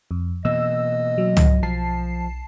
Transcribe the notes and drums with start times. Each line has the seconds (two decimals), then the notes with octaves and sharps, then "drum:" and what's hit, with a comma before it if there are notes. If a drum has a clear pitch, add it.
0.11 F2
0.45 B2 E3 A#3 D#5 E6
1.18 F#3
1.37 drum: tom
1.63 B1 F3 A5 C7